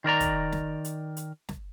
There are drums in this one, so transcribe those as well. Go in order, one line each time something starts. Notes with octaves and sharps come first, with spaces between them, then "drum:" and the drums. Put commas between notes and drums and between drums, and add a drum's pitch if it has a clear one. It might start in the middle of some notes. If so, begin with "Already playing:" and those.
D#3 A#4 D5 A#5
drum: kick, hi-hat
drum: snare
drum: hi-hat
drum: hi-hat
drum: snare